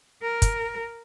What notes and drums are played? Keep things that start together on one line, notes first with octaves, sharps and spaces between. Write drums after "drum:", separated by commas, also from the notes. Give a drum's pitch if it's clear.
A#4
drum: kick, hi-hat